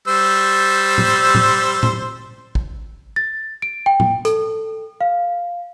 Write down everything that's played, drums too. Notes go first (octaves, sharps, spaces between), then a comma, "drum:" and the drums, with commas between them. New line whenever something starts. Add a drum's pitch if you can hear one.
G3 C5 E6
drum: tom A2
drum: tom A2
drum: tom A2
drum: kick
A6
D7
G5
drum: tom A2
A4, drum: hi-hat
F5